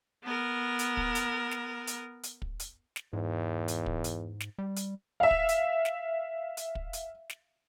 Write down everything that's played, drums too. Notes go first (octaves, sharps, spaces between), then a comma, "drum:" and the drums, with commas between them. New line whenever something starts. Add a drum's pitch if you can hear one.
B3 A#4
drum: hi-hat
drum: kick
drum: hi-hat
drum: snare
drum: hi-hat
drum: hi-hat
drum: kick
drum: hi-hat
drum: snare
E2 G#2
drum: hi-hat
drum: kick
drum: hi-hat
drum: snare
G3
drum: hi-hat
E5 F5
drum: kick
drum: hi-hat
drum: snare
drum: hi-hat
drum: kick
drum: hi-hat
drum: snare